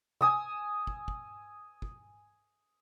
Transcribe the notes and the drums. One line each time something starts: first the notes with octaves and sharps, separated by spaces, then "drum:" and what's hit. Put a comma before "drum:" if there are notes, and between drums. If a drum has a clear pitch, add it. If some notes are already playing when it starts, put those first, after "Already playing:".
G#5 D#6 E6, drum: tom C3
drum: kick
drum: kick
drum: kick